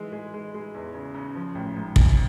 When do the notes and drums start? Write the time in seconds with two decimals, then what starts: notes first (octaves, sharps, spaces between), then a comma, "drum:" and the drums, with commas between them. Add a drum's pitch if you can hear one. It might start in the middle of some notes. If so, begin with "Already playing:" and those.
Already playing: E3 G#3
0.12 G#3
0.34 G#3
0.54 G#3
0.74 E2
0.94 C#3
1.14 C#3
1.35 F3
1.55 A1
1.76 G#2
1.96 A1, drum: kick